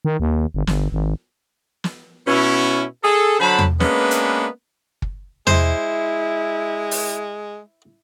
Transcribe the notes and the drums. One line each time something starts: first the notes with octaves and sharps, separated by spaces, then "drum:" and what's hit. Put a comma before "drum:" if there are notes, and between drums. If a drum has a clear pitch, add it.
D#3
D#2
G1
G1, drum: snare
G#1
drum: snare
B2 C#4 E4
G#4 A4
D3 F#3 C5 A5 B5
drum: tom E2
G#3 A#3 B3 C#4 D4 B4, drum: snare
drum: hi-hat
drum: kick
G#3 E4 C5, drum: tom E2
drum: open hi-hat